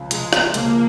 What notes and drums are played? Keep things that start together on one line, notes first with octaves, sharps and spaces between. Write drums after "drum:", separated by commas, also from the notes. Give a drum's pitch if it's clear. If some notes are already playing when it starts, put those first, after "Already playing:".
Already playing: C#2 C#3 F3
C#2 C#3 F3 G#3, drum: hi-hat
drum: rim click
C#2 C#3 F3 A#3, drum: hi-hat